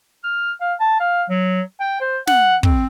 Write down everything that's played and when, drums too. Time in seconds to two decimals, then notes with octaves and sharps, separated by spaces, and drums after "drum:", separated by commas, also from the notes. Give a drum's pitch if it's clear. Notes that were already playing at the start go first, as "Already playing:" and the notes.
0.23 F6
0.61 F5
0.80 A5
1.00 F5
1.30 F#3
1.80 G5
2.01 C5
2.27 F#5, drum: snare
2.63 C4, drum: kick